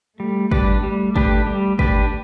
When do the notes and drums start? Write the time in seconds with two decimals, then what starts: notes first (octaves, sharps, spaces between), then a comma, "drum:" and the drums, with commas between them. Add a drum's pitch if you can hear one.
0.20 G3 A3
0.51 G3 D4 G4 B4, drum: kick
0.84 G3 A3
1.16 D4 G4 B4, drum: kick
1.47 G3
1.79 D4 G4 B4, drum: kick